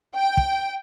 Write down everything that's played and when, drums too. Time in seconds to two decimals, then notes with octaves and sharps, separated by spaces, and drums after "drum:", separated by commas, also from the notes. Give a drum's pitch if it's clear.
0.16 G5
0.37 drum: kick